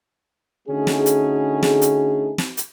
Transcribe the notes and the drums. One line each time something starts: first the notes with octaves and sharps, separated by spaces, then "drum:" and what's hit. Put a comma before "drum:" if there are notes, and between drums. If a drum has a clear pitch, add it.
D3 A3 C#4 D#4 F#4 G#4
drum: snare
drum: hi-hat
drum: snare
drum: hi-hat
drum: snare
drum: hi-hat